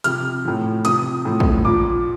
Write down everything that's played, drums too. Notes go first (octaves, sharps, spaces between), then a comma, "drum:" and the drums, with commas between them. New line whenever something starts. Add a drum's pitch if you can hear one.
C3 F3 F6, drum: hi-hat
A2 F3
C3 F3 D#6, drum: hi-hat
A2 F3
drum: kick
A#2 F3 D6